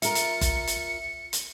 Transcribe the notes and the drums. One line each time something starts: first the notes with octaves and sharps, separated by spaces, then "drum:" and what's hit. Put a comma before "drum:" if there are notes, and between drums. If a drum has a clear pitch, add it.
F4 A#4 E5 C#7, drum: hi-hat
drum: hi-hat
drum: kick F#1, hi-hat
drum: hi-hat
drum: hi-hat